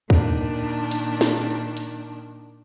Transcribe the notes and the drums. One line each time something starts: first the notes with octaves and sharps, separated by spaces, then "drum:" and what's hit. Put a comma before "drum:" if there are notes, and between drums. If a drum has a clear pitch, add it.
A#2 D#3 D4, drum: kick
drum: hi-hat
drum: snare
drum: hi-hat